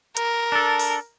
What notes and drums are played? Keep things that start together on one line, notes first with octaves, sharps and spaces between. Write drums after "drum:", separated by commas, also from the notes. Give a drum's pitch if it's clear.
A#4, drum: hi-hat
D4 A4
drum: open hi-hat